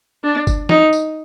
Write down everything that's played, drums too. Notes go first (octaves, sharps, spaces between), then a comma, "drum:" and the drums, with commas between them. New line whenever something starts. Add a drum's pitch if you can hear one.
D4
drum: kick G1, tambourine
D#4, drum: snare
drum: tambourine